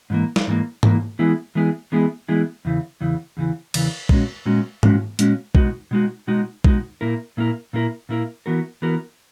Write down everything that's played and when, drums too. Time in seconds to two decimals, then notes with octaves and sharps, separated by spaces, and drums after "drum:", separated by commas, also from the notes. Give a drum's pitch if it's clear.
0.10 G#2 E3 A#3
0.36 drum: snare
0.47 G#2 E3 A#3
0.83 G#2 E3 A#3, drum: tom G#2
1.19 E3 G#3 B3 E4 G#4
1.55 E3 G#3 B3 E4 G#4
1.92 E3 G#3 B3 E4 G#4
2.28 E3 G#3 B3 E4 G#4
2.65 E2 C#3 E3
3.01 E2 C#3 E3
3.37 E2 C#3 E3
3.74 E2 C#3 E3, drum: cymbal
4.09 A#2 G#3 C#4 F#4, drum: kick A#1
4.46 A#2 G#3 C#4 F#4
4.83 A#2 G#3 C#4 F#4, drum: tom G#2
5.19 A#2 G#3 C#4 F#4, drum: hi-hat
5.55 B2 G#3 D#4 F#4, drum: kick A#1
5.91 B2 G#3 D#4 F#4
6.27 B2 G#3 D#4 F#4
6.64 B2 G#3 D#4 F#4, drum: kick A#1
7.01 A#2 A#3 E4 A#4
7.37 A#2 A#3 E4 A#4
7.73 A#2 A#3 E4 A#4
8.09 A#2 A#3 E4 A#4
8.46 E3 B3 F#4 A#4
8.82 E3 B3 F#4 A#4